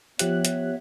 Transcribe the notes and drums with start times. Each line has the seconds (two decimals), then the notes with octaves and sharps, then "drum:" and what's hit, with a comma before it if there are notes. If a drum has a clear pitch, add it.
0.19 F3 B3 G4 C#5 E5 F#6, drum: hi-hat
0.45 drum: hi-hat